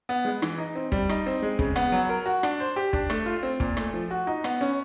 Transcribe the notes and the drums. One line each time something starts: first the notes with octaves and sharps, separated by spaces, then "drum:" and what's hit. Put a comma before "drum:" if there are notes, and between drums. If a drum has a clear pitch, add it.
B3
G#3
E3, drum: rim click
D#4
C4
G3, drum: kick
D#4, drum: rim click
C4
G#3
C#3, drum: kick
B3, drum: rim click
F#3
A#4
F#4
D4, drum: rim click
C5
G4
D4, drum: kick
A3, drum: rim click
F4
C4
A#2, drum: kick
A3, drum: rim click
F3
F#4
D#4
B3, drum: rim click
C#4